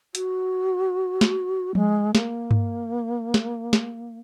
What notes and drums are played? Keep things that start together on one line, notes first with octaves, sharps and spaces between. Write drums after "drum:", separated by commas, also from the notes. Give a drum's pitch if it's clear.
F#4, drum: hi-hat
drum: snare
G#3, drum: tom F3
A#3, drum: snare
drum: tom G2
drum: snare
drum: snare